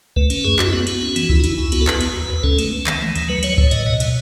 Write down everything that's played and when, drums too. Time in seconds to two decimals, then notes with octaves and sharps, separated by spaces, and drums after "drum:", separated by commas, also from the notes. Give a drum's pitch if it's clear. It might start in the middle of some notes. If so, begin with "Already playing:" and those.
0.16 A3 B4, drum: kick C#2
0.30 C#4, drum: cymbal
0.44 F#2 G#4
0.59 F#2 F#4, drum: clap
0.67 E4
0.73 B3 F#4
0.87 B3, drum: cymbal
1.01 C#4
1.16 E3, drum: cymbal
1.29 E2 E4, drum: kick C#2
1.40 D#4
1.44 E2 E4, drum: cymbal
1.58 C#2 E4
1.72 B3 F#4, drum: cymbal
1.81 A4
1.87 D#2 B4, drum: clap
2.01 D#2, drum: cymbal
2.16 E2
2.30 E2 B4
2.44 C#4 A4, drum: kick C#2
2.59 A3, drum: cymbal
2.73 A3
2.87 D#3, drum: clap
3.01 E3
3.16 D#2, drum: cymbal
3.29 F#3 B4
3.43 F#3 C#5, drum: cymbal
3.58 A2 C#5, drum: kick C#2
3.71 A2 D#5, drum: cymbal
3.86 B2 D#5
4.00 B2, drum: cymbal